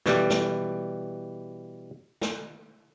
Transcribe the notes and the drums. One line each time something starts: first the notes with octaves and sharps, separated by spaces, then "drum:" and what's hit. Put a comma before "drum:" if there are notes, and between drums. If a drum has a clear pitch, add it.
B2 E3 G3, drum: snare
drum: snare
drum: snare